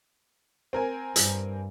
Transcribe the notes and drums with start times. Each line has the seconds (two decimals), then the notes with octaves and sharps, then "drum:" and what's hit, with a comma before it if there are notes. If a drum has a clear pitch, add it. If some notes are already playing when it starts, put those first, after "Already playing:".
0.73 C4 A#4 G#5
1.16 G2, drum: hi-hat